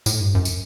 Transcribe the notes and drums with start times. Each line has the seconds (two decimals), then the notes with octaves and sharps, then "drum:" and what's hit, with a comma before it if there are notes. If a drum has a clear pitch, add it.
0.06 A2, drum: tambourine
0.21 G2
0.35 F#2
0.45 drum: tambourine